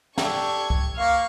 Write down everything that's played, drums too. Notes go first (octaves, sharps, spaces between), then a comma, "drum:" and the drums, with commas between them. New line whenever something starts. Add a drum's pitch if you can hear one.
D4 G4 A4 C#6 G#6, drum: snare
drum: kick C#2
A#3 F5 C#6